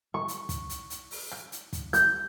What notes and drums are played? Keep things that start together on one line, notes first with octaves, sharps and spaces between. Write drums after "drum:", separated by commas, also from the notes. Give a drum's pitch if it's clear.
C#6
drum: hi-hat
drum: kick, hi-hat
drum: hi-hat
drum: hi-hat
drum: open hi-hat
drum: rim click
drum: hi-hat
drum: kick, hi-hat
G6, drum: hi-hat